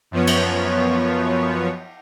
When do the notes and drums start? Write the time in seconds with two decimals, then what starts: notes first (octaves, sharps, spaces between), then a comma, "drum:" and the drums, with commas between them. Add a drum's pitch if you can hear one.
0.11 F#2 F3 B3 C#5
0.27 drum: cymbal